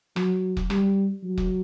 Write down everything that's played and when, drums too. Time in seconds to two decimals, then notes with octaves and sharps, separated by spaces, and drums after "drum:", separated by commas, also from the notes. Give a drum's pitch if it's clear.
0.16 F#3, drum: rim click
0.57 drum: kick
0.70 G3, drum: rim click
1.24 F#3
1.38 drum: kick